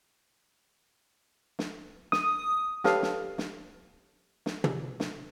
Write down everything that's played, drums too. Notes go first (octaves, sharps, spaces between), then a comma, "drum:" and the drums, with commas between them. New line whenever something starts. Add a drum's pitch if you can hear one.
drum: snare
D#6, drum: snare
G4 A4 B4 C#5 F5 D#6, drum: snare
drum: snare
drum: snare
drum: snare
drum: tom
drum: snare